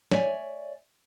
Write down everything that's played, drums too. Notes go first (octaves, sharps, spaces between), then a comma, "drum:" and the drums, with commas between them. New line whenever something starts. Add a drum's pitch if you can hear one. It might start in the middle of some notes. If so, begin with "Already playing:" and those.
C#5 D5 E5 G#5, drum: snare